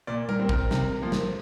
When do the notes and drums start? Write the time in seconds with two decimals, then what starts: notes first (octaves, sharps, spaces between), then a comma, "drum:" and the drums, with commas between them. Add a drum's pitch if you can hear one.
0.07 A#2 D5
0.29 A#4, drum: tom G3
0.39 G3 C4
0.49 A#4, drum: kick
0.71 C3, drum: snare
1.02 F3 A#3
1.12 drum: snare